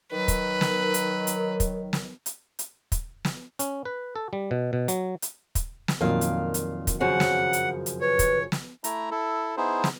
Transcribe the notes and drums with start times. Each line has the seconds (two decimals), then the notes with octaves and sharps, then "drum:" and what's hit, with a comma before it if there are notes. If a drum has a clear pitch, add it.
0.12 D#3 F#3 B4
0.28 drum: kick, hi-hat
0.61 drum: snare
0.94 drum: hi-hat
1.27 drum: hi-hat
1.60 drum: kick, hi-hat
1.93 drum: snare
2.26 drum: hi-hat
2.59 drum: hi-hat
2.92 drum: kick, hi-hat
3.25 drum: snare
3.59 C#4, drum: hi-hat
3.85 B4
4.16 A4
4.33 G3
4.51 B2
4.73 B2
4.88 F#3, drum: hi-hat
5.22 drum: hi-hat
5.55 drum: kick, hi-hat
5.88 drum: snare
6.01 F2 A#2 D#3 F#3 F5
6.21 drum: hi-hat
6.54 drum: hi-hat
6.87 drum: kick, hi-hat
7.01 F#2 C#3 F3 F#5
7.20 drum: snare
7.53 drum: hi-hat
7.86 drum: hi-hat
8.01 B4 C#5
8.19 drum: kick, hi-hat
8.52 drum: snare
8.84 A3 E4 A#5, drum: hi-hat
9.11 E4 A4
9.57 B3 D#4 E4 G#4 C5
9.84 drum: snare